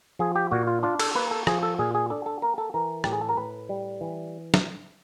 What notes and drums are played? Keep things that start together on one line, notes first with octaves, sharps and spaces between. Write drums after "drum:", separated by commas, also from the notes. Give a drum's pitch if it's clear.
F3 G#4
G4
A#2 F#4
F4
D4 F4
A4, drum: cymbal
A#3 B4
A4
F3 G#4, drum: rim click
A4
A#2 G#4
G#4
D4 A4
A4
A#3 A#4
A4
E3 A#4
A2 G4, drum: rim click
G#4
A4
A#4
A2 B4
G3
E3
drum: snare